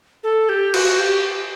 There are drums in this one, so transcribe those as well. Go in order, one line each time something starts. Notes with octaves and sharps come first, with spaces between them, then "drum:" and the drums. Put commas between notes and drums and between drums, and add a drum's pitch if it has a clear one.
A4
G4
F#4, drum: cymbal
G4